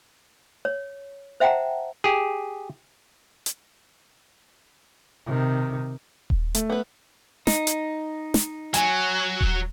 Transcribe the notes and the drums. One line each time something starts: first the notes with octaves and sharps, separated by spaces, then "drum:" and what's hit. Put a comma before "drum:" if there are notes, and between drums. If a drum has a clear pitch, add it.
C#5
C5 E5 F#5 G5 A5 A#5
G4 G#4
drum: hi-hat
C3 D#3
drum: kick D#1
A3, drum: hi-hat
B3 B4
D#4, drum: snare
drum: hi-hat
drum: snare
F#3 G#5, drum: hi-hat
drum: kick D#1